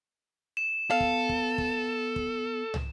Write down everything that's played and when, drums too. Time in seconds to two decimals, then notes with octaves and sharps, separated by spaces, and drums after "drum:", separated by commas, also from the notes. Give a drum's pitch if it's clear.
0.57 E7
0.90 B3 A4 F5
1.00 drum: kick
1.29 drum: kick
1.58 drum: kick
2.16 drum: kick
2.74 drum: tom